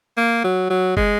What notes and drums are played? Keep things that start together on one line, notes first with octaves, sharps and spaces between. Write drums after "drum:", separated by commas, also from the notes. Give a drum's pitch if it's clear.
A#3
F#3
F#3
G#3, drum: kick